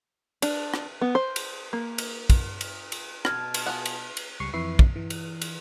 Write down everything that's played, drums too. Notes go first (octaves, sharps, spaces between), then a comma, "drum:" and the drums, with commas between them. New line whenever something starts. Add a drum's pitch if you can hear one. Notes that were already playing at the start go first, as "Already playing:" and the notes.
D4, drum: cymbal
drum: rim click
B3
C5
drum: cymbal
A#3
drum: cymbal
drum: kick, cymbal
drum: cymbal
drum: cymbal
B2 A5 F6 G#6, drum: rim click
drum: cymbal
F4 G#4 F#5
drum: cymbal
drum: cymbal
C#2 G3 C#6 C7
F2 E3 B4 E5 C#6 C7
drum: kick
E3
drum: cymbal
drum: cymbal